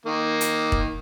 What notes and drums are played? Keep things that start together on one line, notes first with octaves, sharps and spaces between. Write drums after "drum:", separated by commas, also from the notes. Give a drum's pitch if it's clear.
D#3 A#3
drum: hi-hat
drum: kick